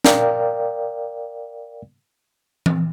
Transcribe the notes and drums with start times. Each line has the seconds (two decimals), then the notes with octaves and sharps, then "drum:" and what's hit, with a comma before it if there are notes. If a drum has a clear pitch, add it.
0.05 A#4 D5 F5 G5, drum: snare
2.66 drum: tom E3